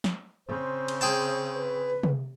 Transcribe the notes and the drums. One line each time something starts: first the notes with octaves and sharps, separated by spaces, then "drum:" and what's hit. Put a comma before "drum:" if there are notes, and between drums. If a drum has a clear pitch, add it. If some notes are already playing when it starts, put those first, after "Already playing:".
drum: snare
C#3 C4 C5
drum: cymbal
G#4 G5 A5
B4
drum: tom C3